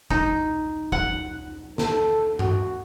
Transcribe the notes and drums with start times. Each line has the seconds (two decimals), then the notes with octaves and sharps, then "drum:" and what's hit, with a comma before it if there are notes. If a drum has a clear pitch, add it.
0.11 D#4, drum: kick
0.92 F#5, drum: kick
1.78 A4, drum: snare
2.39 F#4, drum: tom G2